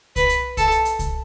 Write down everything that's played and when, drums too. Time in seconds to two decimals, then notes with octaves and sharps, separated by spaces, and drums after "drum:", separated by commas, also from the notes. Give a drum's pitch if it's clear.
0.16 B4, drum: kick C2, hi-hat
0.29 drum: hi-hat
0.57 A4, drum: kick C2, hi-hat
0.71 drum: hi-hat
0.85 drum: hi-hat
0.99 drum: kick C2, hi-hat